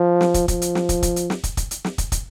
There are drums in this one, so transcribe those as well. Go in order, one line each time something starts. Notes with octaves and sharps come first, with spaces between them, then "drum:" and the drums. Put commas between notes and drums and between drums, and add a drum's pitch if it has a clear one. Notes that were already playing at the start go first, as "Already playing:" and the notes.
Already playing: F3
drum: snare
drum: kick, hi-hat
F3, drum: kick, hi-hat
drum: hi-hat
drum: snare
drum: kick, hi-hat
drum: kick, hi-hat
drum: hi-hat
drum: snare
drum: kick, hi-hat
drum: kick, hi-hat
drum: hi-hat
drum: snare
drum: kick, hi-hat
drum: kick, hi-hat